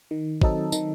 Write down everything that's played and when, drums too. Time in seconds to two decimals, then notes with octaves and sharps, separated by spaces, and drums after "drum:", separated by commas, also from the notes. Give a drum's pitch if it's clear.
0.11 D#3
0.42 F#3 C4 D#4 A4, drum: kick
0.72 D#3, drum: tambourine